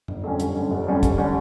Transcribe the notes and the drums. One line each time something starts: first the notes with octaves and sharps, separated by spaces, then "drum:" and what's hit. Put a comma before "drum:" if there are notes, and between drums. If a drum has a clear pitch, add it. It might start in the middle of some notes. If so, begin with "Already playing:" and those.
G1, drum: tom
F2 D3 G3 C#4
G1, drum: hi-hat
F2 D3 G3 C#4
G1
F2 D3 G3 C#4
G1, drum: kick, hi-hat
D3 G3 C#4